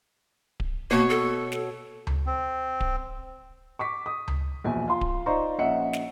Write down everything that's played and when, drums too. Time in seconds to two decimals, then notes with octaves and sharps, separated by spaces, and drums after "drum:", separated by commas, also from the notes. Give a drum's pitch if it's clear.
0.60 drum: kick D1
0.91 B2 A#3 C#5
1.10 A4
1.52 drum: snare
2.07 drum: tom C#2
2.26 C4
2.80 drum: kick D1
3.79 C#6 D6 B6
4.06 D#6
4.28 drum: tom C#2
4.64 A#1 E2 B2 G#5
4.88 F4 C6
5.01 drum: kick D1
5.26 D#4 F4 C5 D5 A#5 C#6
5.59 A#1 C#4 D#5 E5 F#5 C#7
5.93 drum: snare